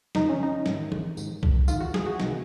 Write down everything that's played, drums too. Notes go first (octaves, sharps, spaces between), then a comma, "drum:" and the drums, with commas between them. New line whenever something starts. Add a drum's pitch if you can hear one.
F2 C#3 D#4, drum: snare
C#4
D#4
G#2 D#3, drum: snare
drum: tom
G#2 D#3, drum: tambourine
drum: kick C2
G#2 D#3 F4, drum: tambourine
F#4
G#4, drum: snare
F#4
C3 D#3, drum: snare